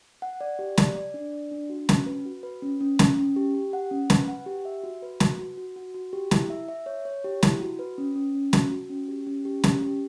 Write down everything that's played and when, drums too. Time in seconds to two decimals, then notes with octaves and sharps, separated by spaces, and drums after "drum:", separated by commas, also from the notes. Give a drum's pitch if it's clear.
0.22 F#5
0.41 D5
0.59 G4
0.78 D5, drum: snare
0.96 D5
1.14 D4
1.33 D5
1.51 D4
1.70 F#4
1.89 C#4, drum: snare
2.06 B4
2.25 F#4
2.43 B4
2.62 C#4
2.81 C#4
2.99 C#4, drum: snare
3.18 C#4
3.36 G4
3.55 G4
3.73 F#5
3.91 C#4
4.10 B4, drum: snare
4.28 F#5
4.46 G4
4.65 E5
4.83 F#4
5.02 B4
5.20 F#4, drum: snare
5.39 F#4
5.57 F#4
5.76 F#4
5.94 F#4
6.13 G4
6.31 E4, drum: snare
6.50 E5
6.68 E5
6.86 C#5
7.05 C#5
7.24 G4
7.43 E4, drum: snare
7.61 F#4
7.79 B4
7.98 C#4
8.16 C#4
8.35 C#4
8.53 F#4, drum: snare
8.71 F#4
8.90 C#4
9.08 G4
9.27 C#4
9.45 G4
9.64 C#4, drum: snare
9.82 G4